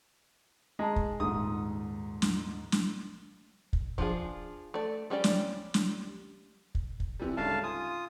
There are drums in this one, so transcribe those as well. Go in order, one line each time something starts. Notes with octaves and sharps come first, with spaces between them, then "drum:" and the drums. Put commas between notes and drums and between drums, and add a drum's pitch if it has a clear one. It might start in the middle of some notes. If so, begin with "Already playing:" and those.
G#3 A5 A#5
drum: kick
D#1 G#2 D#4 D#6
drum: snare
drum: snare
drum: kick
F3 D4 F4 G#4, drum: kick
A3 D5
G3 C#4 G4 D5
drum: snare
drum: snare
drum: kick
drum: kick
C3 E3 G3
D2 G#2 C#3 F5 A5
F4 G#5 D#6